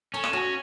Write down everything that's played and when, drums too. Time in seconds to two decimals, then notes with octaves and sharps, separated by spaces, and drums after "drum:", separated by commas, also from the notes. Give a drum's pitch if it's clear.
0.14 C#4 A4
0.24 drum: rim click
0.33 C#4 F#4